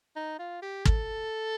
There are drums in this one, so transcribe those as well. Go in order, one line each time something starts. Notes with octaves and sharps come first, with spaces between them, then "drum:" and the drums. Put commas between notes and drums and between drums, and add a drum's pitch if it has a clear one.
D#4
F4
G4
A4, drum: kick